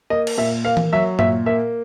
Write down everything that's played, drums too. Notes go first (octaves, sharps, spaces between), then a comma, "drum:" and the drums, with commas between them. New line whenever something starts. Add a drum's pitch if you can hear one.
A#3 D#5
drum: cymbal
A#2 E5
A#3 F5
drum: tom E3
F#3 E5
A#2 E5, drum: tom G2
A#3 E5